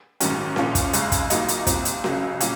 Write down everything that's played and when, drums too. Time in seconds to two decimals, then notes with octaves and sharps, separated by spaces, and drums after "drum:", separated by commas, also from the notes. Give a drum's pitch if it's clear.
0.20 A#1 G#2 D#3 F#3 C#4, drum: hi-hat
0.56 A#1 A#2 F3 A#3 C#4, drum: snare C#4
0.75 drum: kick, hi-hat
0.93 G#1 F#2 C#3 G#3, drum: hi-hat
1.12 drum: kick, hi-hat
1.30 A#1 A#2 F#3 A#3 D#4, drum: hi-hat
1.48 drum: hi-hat
1.67 C2 A#2 F3 C4, drum: kick, hi-hat
1.85 drum: hi-hat
2.04 C#2 C#3 F#3, drum: snare C#4
2.40 A#2 F#3 C#4, drum: hi-hat